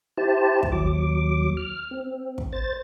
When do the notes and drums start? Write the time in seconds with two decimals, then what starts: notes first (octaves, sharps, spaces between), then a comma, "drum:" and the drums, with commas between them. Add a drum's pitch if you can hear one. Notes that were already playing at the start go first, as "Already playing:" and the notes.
0.17 E4 G4 C5 A5
0.63 drum: kick
0.72 D#2 F#3 D6
1.57 F6
1.91 C4
2.38 drum: kick
2.52 C5 A6